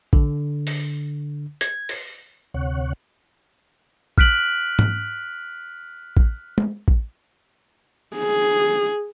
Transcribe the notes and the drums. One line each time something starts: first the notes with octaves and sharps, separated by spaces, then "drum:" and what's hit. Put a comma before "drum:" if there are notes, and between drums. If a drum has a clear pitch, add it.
D3, drum: kick
drum: open hi-hat
G#6, drum: hi-hat
drum: open hi-hat
D2 C3 C#5 F#5
F6 F#6 B6 D7 F#7, drum: kick
drum: tom
drum: kick
drum: tom
drum: kick
G#4